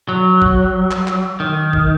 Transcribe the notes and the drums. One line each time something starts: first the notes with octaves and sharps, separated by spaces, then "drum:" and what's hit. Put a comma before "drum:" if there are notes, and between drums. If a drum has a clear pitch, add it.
F#3
drum: kick
drum: clap
drum: clap
D#3
drum: kick